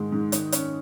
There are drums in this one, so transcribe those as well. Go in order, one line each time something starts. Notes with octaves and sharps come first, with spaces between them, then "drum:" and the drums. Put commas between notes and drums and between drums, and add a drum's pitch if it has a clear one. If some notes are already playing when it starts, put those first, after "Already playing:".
Already playing: G#2 D#3 G#3
G#2
D#3, drum: hi-hat
C#4, drum: hi-hat